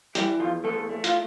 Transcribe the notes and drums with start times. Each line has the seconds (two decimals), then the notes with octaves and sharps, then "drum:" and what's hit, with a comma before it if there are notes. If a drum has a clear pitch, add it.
0.15 E3 G3 G4, drum: hi-hat
0.39 E2 F3 F4
0.64 E2 A3 A4
0.89 A3
1.04 F4, drum: hi-hat